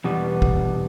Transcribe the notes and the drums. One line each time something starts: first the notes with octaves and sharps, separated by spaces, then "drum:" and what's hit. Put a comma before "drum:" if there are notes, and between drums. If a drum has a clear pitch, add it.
E2 B2 G3 B3
drum: kick